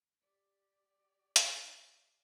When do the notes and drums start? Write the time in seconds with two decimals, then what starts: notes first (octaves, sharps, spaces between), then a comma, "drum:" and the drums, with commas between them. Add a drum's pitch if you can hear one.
0.21 G4 D5
1.36 drum: hi-hat